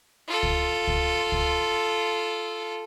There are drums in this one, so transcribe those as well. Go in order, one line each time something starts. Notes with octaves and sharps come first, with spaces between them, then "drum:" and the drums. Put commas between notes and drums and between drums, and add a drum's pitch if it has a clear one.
F4 A4
drum: kick
drum: kick
drum: kick